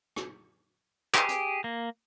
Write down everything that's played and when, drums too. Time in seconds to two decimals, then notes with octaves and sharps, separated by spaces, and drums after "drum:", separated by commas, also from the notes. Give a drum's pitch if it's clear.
0.16 drum: rim click
1.15 G4 G#4, drum: clap
1.29 drum: hi-hat
1.64 A#3